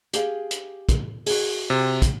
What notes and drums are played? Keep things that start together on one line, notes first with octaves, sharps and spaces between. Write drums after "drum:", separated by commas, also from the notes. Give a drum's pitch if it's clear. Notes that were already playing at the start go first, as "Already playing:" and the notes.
G4 G#4 F5, drum: hi-hat
drum: hi-hat
drum: kick, hi-hat
F#4 G#4, drum: open hi-hat
C3
drum: kick, hi-hat